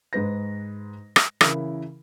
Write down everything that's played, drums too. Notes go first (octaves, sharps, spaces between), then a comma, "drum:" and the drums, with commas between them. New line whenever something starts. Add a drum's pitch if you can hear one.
G#2 G#3 B4 A#6
drum: rim click
C#3 E3 E4 A#4, drum: rim click